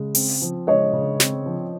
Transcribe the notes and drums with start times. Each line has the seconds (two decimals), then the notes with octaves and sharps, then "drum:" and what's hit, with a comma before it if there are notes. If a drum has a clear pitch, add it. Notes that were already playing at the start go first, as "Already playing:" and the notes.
Already playing: C#3 G#3
0.15 C4, drum: open hi-hat
0.42 F3
0.67 G#3 C#5 D#5
0.93 C#3
1.20 C4, drum: snare
1.46 F3